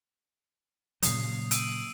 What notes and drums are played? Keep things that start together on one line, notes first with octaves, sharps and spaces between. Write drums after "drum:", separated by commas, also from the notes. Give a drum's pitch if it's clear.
A#2 C#3 F#3 D#6 C7, drum: hi-hat
E6 D7 D#7, drum: hi-hat